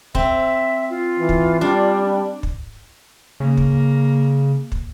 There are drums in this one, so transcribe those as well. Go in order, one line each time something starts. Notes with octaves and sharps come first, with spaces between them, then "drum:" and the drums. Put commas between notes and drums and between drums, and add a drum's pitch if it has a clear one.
C4 E5, drum: kick
F4
E3
drum: kick
G3 D4
drum: kick
C#3 A#3
drum: kick
drum: kick